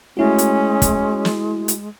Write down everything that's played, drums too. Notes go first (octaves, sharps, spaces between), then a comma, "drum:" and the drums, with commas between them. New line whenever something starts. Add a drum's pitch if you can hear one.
G#3 A3 C#4 E4 F#4
drum: hi-hat
drum: kick, hi-hat
drum: snare
drum: hi-hat